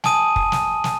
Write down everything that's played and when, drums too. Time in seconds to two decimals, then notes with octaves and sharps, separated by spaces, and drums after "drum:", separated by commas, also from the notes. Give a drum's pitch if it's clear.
0.04 G#5 A5 D#6 D#7, drum: snare
0.36 drum: kick
0.52 drum: snare
0.84 drum: snare